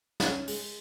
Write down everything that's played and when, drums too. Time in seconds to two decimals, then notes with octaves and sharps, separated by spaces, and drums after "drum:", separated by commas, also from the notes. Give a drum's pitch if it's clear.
0.20 C#4, drum: snare
0.47 G#3, drum: open hi-hat